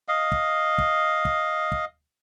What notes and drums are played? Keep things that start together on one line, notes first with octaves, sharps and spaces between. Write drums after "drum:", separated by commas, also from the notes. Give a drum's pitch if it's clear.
D#5 F5
drum: kick
drum: kick
drum: kick
drum: kick